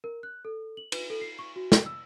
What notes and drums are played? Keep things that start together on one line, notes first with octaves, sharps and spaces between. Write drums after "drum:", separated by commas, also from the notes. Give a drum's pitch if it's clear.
A#4
F#6
A4
F#7
B4, drum: cymbal
A4
C7
C#6
F#4
drum: snare
E6